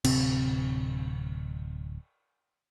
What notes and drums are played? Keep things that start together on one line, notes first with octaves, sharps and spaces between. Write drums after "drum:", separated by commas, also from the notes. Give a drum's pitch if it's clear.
D1 C3 C4, drum: cymbal